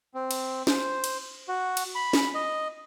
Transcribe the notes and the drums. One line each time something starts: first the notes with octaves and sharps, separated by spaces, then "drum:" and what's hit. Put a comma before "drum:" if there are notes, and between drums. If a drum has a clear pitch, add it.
C4
drum: cymbal
C5, drum: snare
drum: cymbal
F#4
drum: cymbal
B5
drum: snare
D#5